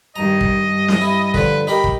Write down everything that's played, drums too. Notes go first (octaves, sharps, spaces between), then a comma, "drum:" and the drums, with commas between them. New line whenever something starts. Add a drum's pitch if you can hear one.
G2 D#3 D#5 A#5
drum: kick
G2
drum: snare
E4
D3 F3 B4, drum: kick
D#4 G4 A#4 B5
drum: kick